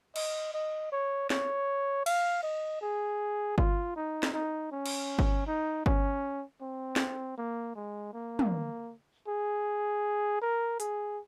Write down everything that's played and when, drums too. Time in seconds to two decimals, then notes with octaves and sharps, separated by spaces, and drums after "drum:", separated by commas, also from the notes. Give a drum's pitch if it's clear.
0.16 D#5, drum: cymbal
0.54 D#5
0.92 C#5
1.30 C#5, drum: snare
2.06 F5, drum: cymbal
2.43 D#5
2.82 G#4
3.58 F4, drum: kick G1
3.96 D#4
4.23 drum: snare
4.33 D#4
4.72 C#4
4.86 drum: cymbal
5.19 drum: kick G1
5.47 D#4
5.86 C#4, drum: kick G1
6.61 C4
6.96 drum: snare
7.38 A#3
7.76 G#3
8.14 A#3
8.39 drum: tom
9.28 G#4
10.42 A#4
10.80 G#4, drum: hi-hat